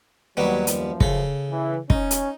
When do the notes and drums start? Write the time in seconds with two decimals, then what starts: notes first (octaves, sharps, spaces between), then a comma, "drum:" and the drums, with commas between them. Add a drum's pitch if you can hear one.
0.37 D#2 F#3 G3 B3
0.67 F#2 F3, drum: hi-hat
1.01 C#3 A4, drum: kick
1.50 E3
1.90 C#4 D#4, drum: kick
2.11 drum: hi-hat